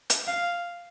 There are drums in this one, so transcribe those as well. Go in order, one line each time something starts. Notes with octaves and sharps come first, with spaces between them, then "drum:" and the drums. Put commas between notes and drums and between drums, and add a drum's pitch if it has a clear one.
drum: hi-hat
F5